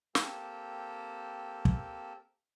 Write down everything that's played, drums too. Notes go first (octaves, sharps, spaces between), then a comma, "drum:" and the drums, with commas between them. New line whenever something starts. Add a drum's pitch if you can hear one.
A#3 C4 G4 A4, drum: snare
drum: kick